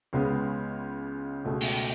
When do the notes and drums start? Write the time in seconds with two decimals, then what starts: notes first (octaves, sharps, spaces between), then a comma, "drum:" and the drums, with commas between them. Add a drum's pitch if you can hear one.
0.13 C#2 C#3 G#3 B3
1.44 C#2 B2 A3
1.61 drum: open hi-hat